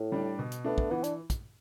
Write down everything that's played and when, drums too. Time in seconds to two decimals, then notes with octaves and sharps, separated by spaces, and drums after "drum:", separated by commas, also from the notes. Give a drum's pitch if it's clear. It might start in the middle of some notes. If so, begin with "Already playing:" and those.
Already playing: A2
0.12 G3 D4
0.39 B2
0.52 drum: hi-hat
0.65 A3 B3 D4
0.78 drum: kick
0.91 E3 B3
1.04 D4, drum: hi-hat
1.30 drum: kick, hi-hat